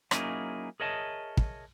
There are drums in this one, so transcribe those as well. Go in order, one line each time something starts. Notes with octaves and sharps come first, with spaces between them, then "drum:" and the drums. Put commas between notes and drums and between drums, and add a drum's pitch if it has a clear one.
F#3 A#3 C#4 D#4 E4 G#4, drum: rim click
G#4 A#4 C#5 D#5 E5 A5
drum: kick